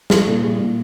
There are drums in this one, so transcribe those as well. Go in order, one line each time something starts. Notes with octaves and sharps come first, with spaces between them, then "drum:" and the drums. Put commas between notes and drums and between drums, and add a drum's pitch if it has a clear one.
G3 A4, drum: snare
A#2 A4
G3 G#4
A#2